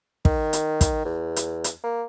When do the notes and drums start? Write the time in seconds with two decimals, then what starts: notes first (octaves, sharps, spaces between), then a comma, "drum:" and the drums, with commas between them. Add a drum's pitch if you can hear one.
0.25 D#3, drum: kick
0.53 drum: hi-hat
0.81 drum: kick, hi-hat
1.05 E2
1.36 drum: hi-hat
1.64 drum: hi-hat
1.84 A#3